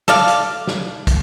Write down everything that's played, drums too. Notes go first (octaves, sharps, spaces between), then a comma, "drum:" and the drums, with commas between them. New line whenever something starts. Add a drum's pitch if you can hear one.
A4 D5 F5, drum: snare
drum: hi-hat
drum: snare
drum: kick, hi-hat